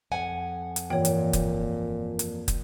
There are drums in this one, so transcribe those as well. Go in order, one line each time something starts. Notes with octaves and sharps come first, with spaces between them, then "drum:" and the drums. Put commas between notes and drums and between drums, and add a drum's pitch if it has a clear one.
F2 F#5 G#5
drum: hi-hat
G2 A#2 E3 C#5 G5
drum: hi-hat
drum: kick, hi-hat
drum: hi-hat
drum: kick, hi-hat